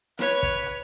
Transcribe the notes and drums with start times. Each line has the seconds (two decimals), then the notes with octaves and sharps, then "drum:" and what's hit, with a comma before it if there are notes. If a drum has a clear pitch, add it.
0.19 B4 C#5, drum: snare E4
0.43 drum: kick
0.66 drum: hi-hat